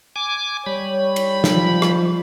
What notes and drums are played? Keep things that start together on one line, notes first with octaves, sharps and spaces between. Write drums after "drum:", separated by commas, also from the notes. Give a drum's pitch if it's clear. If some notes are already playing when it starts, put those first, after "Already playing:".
G#5 D6
G3 C#5 B5
drum: cymbal
F3, drum: snare
drum: rim click